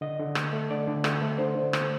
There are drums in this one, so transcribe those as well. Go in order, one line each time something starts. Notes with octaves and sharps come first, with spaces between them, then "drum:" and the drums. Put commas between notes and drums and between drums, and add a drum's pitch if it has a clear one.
D3 D#5
D3
A3, drum: rim click
A3
D3 D5
D3
A3, drum: rim click
A3
D3 C5
D3
A3, drum: rim click